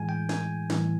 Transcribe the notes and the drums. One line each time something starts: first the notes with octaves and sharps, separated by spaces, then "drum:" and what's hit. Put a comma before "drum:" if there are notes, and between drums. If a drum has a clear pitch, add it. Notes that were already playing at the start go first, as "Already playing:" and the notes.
Already playing: A2 E3 G#3 G#5
G5
G#5, drum: snare
A2 E3 G3, drum: snare